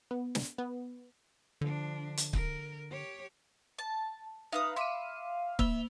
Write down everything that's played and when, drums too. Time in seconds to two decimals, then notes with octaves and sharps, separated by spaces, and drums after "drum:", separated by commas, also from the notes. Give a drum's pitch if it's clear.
0.11 B3
0.35 drum: snare
0.58 B3
1.61 D3 F3 D4
2.17 drum: hi-hat
2.33 A#4, drum: kick
2.90 G4 C#5
3.79 A5
4.53 D#4 B4 E5 F5 D#6
4.76 E5 B5 C6 D6 D#7
5.59 A#3 E5 F7 G7, drum: kick